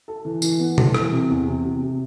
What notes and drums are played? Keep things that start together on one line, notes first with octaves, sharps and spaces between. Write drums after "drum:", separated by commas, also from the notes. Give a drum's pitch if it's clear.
A4
E3
E3, drum: tambourine
B3
A4, drum: tom B2
E3, drum: rim click
C3
E2
C3
C3
C3